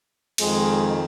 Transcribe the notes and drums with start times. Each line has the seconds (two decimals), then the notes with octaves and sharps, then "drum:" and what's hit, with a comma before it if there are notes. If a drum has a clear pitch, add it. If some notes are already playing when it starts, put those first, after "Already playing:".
0.38 F2 D#3 G#3, drum: cymbal